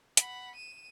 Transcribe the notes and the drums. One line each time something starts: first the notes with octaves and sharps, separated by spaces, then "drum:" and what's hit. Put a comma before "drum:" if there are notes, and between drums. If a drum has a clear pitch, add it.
F#5 B5, drum: hi-hat
D#7 E7